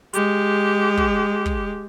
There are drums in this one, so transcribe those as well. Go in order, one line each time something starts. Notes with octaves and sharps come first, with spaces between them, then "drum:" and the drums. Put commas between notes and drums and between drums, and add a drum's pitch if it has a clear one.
G#3 G4, drum: hi-hat
drum: kick
drum: kick